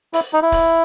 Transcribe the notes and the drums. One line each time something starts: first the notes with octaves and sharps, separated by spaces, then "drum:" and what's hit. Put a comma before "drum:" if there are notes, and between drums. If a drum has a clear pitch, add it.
E4, drum: open hi-hat
D#4
E4
drum: kick D1, open hi-hat